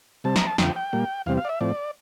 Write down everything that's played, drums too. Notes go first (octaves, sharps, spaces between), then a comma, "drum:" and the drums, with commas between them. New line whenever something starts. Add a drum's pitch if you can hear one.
C3 G3 C4 A5
A#5, drum: snare
A5
F2 D3 F3 G5, drum: snare
G5
A#2 G3 A#3
E2 C3 G3 C4 F5
F5
D5
E5
A2 F3 C4 D5